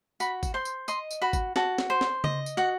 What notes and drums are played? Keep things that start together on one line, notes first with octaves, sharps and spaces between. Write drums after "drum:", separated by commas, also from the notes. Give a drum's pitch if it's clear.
F#4 B5, drum: tambourine
drum: kick G#1, tambourine
C5 C6
drum: tambourine
D#5 C6, drum: tambourine
drum: tambourine
F#4 B5
drum: kick G#1, tambourine
F#4 A5, drum: snare
drum: snare
C5
drum: snare
D#5, drum: tom C#3
drum: tambourine
F#4 F#5